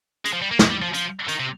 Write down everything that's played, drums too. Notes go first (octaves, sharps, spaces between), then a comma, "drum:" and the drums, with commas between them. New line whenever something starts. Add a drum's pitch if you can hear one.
G#3, drum: hi-hat
F3
G3
A#3
G#3, drum: snare
G3
F3
F3, drum: hi-hat
D#3, drum: hi-hat
C3